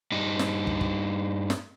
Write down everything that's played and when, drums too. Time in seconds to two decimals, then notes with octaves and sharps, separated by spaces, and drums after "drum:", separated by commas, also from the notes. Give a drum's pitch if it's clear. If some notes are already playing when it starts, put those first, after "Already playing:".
0.12 G2 D#4
0.39 drum: snare
0.67 drum: kick
0.81 drum: kick
1.50 drum: snare